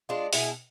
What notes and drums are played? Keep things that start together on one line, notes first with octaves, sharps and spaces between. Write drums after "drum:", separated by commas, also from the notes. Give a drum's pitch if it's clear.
G#3 D4 F4
B2 E4 G#4, drum: open hi-hat